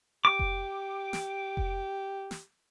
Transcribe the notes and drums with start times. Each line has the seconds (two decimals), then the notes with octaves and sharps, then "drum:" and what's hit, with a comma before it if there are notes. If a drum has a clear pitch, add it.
0.25 G4 D6
0.39 drum: kick F1
1.13 drum: snare
1.57 drum: kick F1
2.31 drum: snare